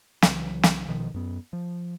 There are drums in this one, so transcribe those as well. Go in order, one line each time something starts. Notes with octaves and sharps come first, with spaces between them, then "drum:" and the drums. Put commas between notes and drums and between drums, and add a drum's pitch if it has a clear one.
C2 C#3 E3 F#3, drum: snare
drum: snare
A#1 B2 D#3 F3
F#2 B3
F3